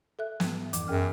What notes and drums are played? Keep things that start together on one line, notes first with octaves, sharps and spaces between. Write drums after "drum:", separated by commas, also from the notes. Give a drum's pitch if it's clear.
A4 E5 F#6
G#2 B3, drum: snare
F2 E3 D6, drum: hi-hat
F#2 G#4 G5 F6